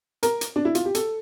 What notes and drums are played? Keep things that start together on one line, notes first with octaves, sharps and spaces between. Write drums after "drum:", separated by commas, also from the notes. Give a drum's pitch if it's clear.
A#4, drum: hi-hat
drum: hi-hat
D4
E4
F4, drum: hi-hat
G4
A4, drum: hi-hat